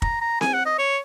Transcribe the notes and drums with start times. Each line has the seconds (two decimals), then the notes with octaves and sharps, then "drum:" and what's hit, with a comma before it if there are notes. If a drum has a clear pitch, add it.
0.02 A#5, drum: kick
0.21 A#5
0.41 G#5, drum: snare C4
0.53 F#5
0.66 D#5
0.79 C#5